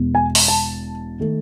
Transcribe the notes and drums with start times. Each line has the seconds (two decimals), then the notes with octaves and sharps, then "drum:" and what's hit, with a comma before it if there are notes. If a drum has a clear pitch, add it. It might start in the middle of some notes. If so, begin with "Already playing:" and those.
Already playing: E1 E2 B2
0.15 G#5
0.35 drum: open hi-hat
0.48 A5
1.20 D#3 A3